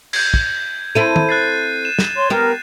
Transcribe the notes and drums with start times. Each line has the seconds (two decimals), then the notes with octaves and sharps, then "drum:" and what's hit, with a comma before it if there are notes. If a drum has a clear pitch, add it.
0.13 G6 G#6, drum: cymbal
0.34 drum: kick
0.95 C4 E4 A4 D#7
1.16 drum: tom
1.29 F#6 A6 C7
1.85 E7
1.99 drum: snare
2.15 C#5 C6
2.30 B3 G4 A#4